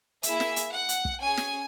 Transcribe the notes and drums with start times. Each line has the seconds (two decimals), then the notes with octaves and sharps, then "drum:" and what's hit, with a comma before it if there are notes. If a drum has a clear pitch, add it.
0.23 A#3 E4 G#4 E5, drum: hi-hat
0.40 drum: snare
0.56 drum: hi-hat
0.73 F#5
0.89 drum: hi-hat
1.05 drum: kick
1.21 C#4 G#4 G#5
1.37 drum: snare